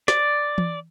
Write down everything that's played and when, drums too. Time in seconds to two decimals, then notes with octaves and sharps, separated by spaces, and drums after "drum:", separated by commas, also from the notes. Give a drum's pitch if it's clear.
0.08 D5, drum: snare
0.58 drum: tom E3